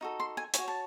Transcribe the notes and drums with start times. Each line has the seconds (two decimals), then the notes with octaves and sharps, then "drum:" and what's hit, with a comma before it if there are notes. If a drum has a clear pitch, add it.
0.01 D#4 F#4 A4
0.20 C6
0.37 G#5
0.54 F#4 C#5 G#5, drum: hi-hat
0.68 A5